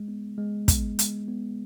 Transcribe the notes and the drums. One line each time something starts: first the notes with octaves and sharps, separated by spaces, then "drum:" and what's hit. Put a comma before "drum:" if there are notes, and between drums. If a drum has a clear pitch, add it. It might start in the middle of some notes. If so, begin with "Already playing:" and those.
Already playing: G#3
B3
G#3
B3, drum: kick, hi-hat
G#3, drum: hi-hat
B3